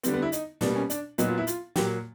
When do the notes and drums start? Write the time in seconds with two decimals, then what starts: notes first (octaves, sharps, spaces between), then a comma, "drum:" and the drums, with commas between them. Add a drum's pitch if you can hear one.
0.03 D3 G3 B3 C4, drum: hi-hat
0.14 B3
0.22 E4
0.32 D#4, drum: hi-hat
0.61 B2 G3 A#3 D4, drum: snare
0.75 C#4
0.90 D4, drum: hi-hat
1.18 A#2 F#3 B3 D#4, drum: hi-hat
1.28 F4
1.38 E4
1.47 F4, drum: hi-hat
1.76 A#2 F#3 A#3 G4, drum: snare